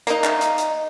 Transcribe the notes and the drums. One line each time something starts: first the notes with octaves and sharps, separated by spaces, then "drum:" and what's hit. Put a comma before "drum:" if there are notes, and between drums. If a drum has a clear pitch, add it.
A#3 D#4, drum: hi-hat
drum: clap
drum: hi-hat
drum: hi-hat